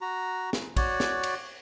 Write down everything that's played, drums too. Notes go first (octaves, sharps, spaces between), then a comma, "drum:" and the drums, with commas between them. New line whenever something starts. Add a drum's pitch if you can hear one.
F#4 A#5
drum: snare
F#4 C#5 D5, drum: kick, cymbal
drum: snare
drum: cymbal